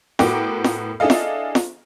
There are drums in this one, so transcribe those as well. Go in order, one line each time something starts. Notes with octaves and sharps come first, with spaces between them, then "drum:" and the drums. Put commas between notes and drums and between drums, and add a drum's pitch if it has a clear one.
A2 B3 F#4 A#4 G5 D6, drum: snare
drum: snare
D4 E4 G#4 A4 D#5 F5
drum: snare
drum: snare